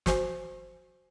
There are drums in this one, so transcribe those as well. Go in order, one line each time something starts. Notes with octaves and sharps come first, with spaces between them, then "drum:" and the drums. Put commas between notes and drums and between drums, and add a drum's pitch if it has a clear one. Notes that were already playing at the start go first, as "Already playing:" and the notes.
F#4 C5 G#5, drum: snare